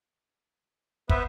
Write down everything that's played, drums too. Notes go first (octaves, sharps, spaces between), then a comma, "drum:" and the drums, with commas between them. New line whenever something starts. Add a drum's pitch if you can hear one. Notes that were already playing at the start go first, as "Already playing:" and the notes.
B3 B4 C5 E5, drum: kick